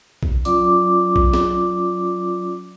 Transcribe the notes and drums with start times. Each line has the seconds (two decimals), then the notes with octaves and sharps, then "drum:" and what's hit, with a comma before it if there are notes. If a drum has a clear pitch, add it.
0.23 drum: kick
0.45 F#3 C#4 F4 D5 D6, drum: hi-hat
1.16 drum: kick
1.34 drum: snare